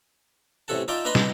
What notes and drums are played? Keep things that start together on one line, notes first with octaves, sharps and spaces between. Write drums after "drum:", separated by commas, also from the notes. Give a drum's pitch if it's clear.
A1 A2 C3 A4 F#5 A5
D#4 F4 D5 E5 G5 A5
D4 D#4 B4 D#5 B5 C6
drum: snare